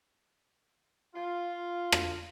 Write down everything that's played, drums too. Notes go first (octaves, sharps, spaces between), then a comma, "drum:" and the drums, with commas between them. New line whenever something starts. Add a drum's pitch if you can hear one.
F4
drum: rim click